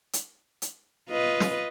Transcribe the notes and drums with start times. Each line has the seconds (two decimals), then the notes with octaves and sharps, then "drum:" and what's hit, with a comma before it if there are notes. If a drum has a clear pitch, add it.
0.13 drum: hi-hat
0.62 drum: hi-hat
1.09 F4 B4 D#5
1.40 drum: snare